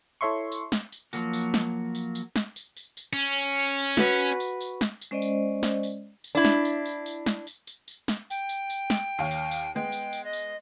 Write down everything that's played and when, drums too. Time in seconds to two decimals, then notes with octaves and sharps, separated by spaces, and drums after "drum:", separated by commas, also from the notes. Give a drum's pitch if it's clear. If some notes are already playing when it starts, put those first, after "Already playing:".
0.21 E4 A4 C#5 E5 C6 C#6
0.52 drum: tambourine
0.72 drum: snare
0.92 drum: tambourine
1.13 F3 F#3 A#3 F#4, drum: tambourine
1.33 drum: tambourine
1.54 drum: snare
1.95 drum: tambourine
2.15 drum: tambourine
2.36 drum: snare
2.56 drum: tambourine
2.77 drum: tambourine
2.97 drum: tambourine
3.13 C#4
3.38 drum: tambourine
3.58 drum: tambourine
3.79 drum: tambourine
3.97 F#4 B4, drum: snare
4.20 drum: tambourine
4.40 drum: tambourine
4.61 drum: tambourine
4.81 drum: snare
5.01 drum: tambourine
5.11 G#3 C#4 C5 D5 D#5
5.22 drum: tambourine
5.63 drum: snare
5.83 drum: tambourine
6.24 drum: tambourine
6.35 D4 E4
6.45 drum: snare
6.65 drum: tambourine
6.86 drum: tambourine
7.06 drum: tambourine
7.26 drum: snare
7.47 drum: tambourine
7.67 drum: tambourine
7.88 drum: tambourine
8.08 drum: snare
8.30 G5, drum: tambourine
8.49 drum: tambourine
8.70 drum: tambourine
8.90 drum: snare
9.18 D#2 C#5 F5
9.31 drum: tambourine
9.51 drum: tambourine
9.75 G#3 B3 G5
9.92 drum: tambourine
10.13 drum: tambourine
10.24 D#5
10.33 drum: tambourine